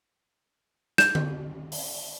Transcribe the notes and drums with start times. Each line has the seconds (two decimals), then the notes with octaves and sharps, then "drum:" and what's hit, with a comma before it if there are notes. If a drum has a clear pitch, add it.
0.98 G6 E7, drum: snare
1.15 drum: tom D3
1.72 drum: open hi-hat